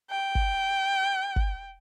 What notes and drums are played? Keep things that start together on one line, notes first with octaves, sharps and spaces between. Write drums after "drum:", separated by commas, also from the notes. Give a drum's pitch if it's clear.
G5
drum: kick
drum: kick